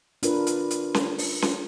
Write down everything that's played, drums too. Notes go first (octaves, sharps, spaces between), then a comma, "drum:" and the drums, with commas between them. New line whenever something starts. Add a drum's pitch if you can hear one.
D4 F4 A#4 B4, drum: hi-hat
drum: hi-hat
drum: hi-hat
drum: snare C#4
drum: open hi-hat
drum: snare C#4